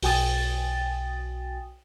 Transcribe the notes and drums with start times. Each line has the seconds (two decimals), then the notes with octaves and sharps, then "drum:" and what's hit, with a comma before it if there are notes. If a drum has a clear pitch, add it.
0.02 B1 F#4 G5 G#5 D#6 A6, drum: open hi-hat